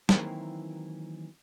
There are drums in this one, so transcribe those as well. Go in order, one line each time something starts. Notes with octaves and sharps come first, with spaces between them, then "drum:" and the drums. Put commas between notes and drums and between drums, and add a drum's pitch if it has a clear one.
D#3 E3 F#3 A#3 C4 E4, drum: snare